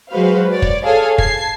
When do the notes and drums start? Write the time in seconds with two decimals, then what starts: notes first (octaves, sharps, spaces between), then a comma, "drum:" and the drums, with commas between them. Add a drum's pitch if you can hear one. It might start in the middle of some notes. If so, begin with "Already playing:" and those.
0.10 F#3 G#3 F#4 B4 C5 F5
0.51 C#5 D5
0.62 drum: kick
0.84 G#4 A4 C#5 F5 G#5
1.18 A5 G#6 C7, drum: kick